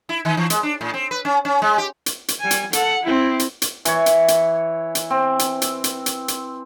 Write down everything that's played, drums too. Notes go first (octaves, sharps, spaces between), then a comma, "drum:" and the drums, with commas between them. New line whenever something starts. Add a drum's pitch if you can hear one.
E4
D#3
E3
G#3, drum: hi-hat
D4
A2
C4
B4
C#4
C#4
G#3
G4
drum: hi-hat
drum: hi-hat
G3 G#5
drum: hi-hat
A4 F#5, drum: hi-hat
C4 E4
drum: hi-hat
drum: hi-hat
E3 C#5, drum: hi-hat
drum: hi-hat
drum: hi-hat
drum: hi-hat
C4
drum: hi-hat
drum: hi-hat
drum: hi-hat
drum: hi-hat
drum: hi-hat